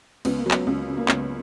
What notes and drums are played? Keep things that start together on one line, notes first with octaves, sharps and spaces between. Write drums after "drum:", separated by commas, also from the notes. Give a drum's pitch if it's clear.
C#2 B3, drum: cymbal
A#3
F#3
B3, drum: clap
C#2
C#3
A#3
C#2 B3, drum: clap